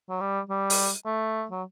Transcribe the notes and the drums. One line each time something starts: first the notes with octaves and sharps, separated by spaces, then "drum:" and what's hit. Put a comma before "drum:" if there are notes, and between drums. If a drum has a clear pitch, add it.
F#3
G3
G3
drum: open hi-hat
A3
F#3